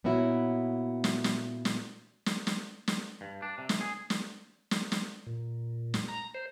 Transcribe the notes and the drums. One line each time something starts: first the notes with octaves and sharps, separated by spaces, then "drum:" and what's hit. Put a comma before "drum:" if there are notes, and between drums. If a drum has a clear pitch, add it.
A#2 B3 C#4 E4 F#4
drum: snare
drum: snare
drum: snare
drum: snare
drum: snare
drum: snare
G2
D4
C3
drum: snare
G#4
drum: snare
drum: snare
drum: snare
A#2
drum: snare
A#5
C5